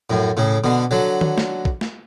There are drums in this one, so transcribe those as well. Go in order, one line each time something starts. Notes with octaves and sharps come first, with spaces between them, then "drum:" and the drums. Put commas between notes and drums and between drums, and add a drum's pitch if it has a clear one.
F#2 A2
A2 C#3
B2 D3
D3 F#3
drum: tom D#3
drum: snare
drum: kick
drum: snare